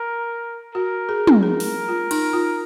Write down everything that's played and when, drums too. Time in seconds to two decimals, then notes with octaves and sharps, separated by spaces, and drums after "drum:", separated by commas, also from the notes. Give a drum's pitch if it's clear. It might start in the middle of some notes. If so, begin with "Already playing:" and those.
Already playing: A#4
0.75 F#4 A#4
1.09 G#4
1.27 drum: tom
1.43 G#4 A#4
1.60 drum: open hi-hat
1.88 F4
2.11 D#4, drum: cymbal
2.33 F4